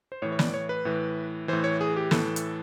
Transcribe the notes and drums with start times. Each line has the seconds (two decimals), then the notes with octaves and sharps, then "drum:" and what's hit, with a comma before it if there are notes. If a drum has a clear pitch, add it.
0.12 C5
0.22 A2 E3 C#5
0.32 C#5
0.39 D5, drum: snare
0.54 C#5
0.69 B4
0.85 A2 E3
1.48 A2 E3 C5
1.64 C#5
1.81 G#4
1.96 G4
2.11 A2 E3 A4, drum: snare
2.36 drum: hi-hat